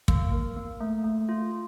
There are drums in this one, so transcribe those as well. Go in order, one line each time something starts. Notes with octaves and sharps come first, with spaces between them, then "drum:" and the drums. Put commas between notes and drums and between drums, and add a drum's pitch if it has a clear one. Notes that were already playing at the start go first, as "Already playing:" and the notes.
A#3, drum: kick
A#4
A#3
A3
A3
F4